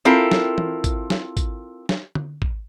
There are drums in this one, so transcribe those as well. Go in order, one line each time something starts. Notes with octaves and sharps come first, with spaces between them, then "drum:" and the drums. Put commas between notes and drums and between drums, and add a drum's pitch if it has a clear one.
C4 E4 F4 A4 A#4 G5
drum: snare
drum: tom
drum: kick, tambourine
drum: snare
drum: kick, tambourine
drum: snare
drum: tom
drum: kick